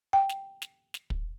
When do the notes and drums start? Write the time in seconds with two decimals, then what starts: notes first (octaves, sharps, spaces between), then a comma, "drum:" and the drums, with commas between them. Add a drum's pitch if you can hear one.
0.13 G5
0.29 drum: snare
0.62 drum: snare
0.94 drum: snare
1.10 drum: kick